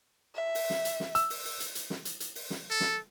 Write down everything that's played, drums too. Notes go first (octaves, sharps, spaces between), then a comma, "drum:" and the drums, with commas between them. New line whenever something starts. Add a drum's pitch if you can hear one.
E5
drum: open hi-hat
drum: snare
drum: hi-hat
drum: snare
E6, drum: hi-hat
drum: open hi-hat
drum: open hi-hat
drum: hi-hat
drum: hi-hat
drum: snare
drum: hi-hat
drum: hi-hat
drum: open hi-hat
drum: snare
A4
drum: snare